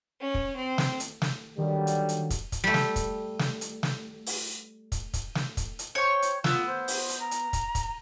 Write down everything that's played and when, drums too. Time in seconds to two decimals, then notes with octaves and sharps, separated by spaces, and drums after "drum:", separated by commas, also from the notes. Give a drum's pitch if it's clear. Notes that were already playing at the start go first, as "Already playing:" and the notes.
0.21 C#4
0.34 drum: kick
0.56 C4
0.78 drum: snare
1.00 drum: hi-hat
1.22 drum: snare
1.58 D3 D#3 F#3 G3
1.87 drum: hi-hat
2.09 drum: hi-hat
2.30 drum: kick, hi-hat
2.52 drum: kick, hi-hat
2.64 G3 A3
2.74 drum: snare
2.96 drum: kick, hi-hat
3.39 drum: snare
3.61 drum: hi-hat
3.83 drum: snare
4.26 drum: open hi-hat
4.92 drum: kick, hi-hat
5.14 drum: kick, hi-hat
5.35 drum: snare
5.57 drum: kick, hi-hat
5.79 drum: hi-hat
5.95 C5 C#5 G5 C#6
6.22 drum: hi-hat
6.44 B3 F4 E6, drum: snare
6.67 C5
6.88 drum: open hi-hat
7.10 drum: hi-hat
7.20 A#5
7.31 drum: hi-hat
7.53 drum: kick, hi-hat
7.75 drum: kick, hi-hat